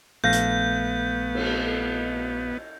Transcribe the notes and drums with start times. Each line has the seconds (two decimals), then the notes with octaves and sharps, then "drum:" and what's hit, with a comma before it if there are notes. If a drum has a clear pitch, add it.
0.24 A#1 A3 B3 F5 G6 A#6
0.33 drum: hi-hat
1.34 drum: cymbal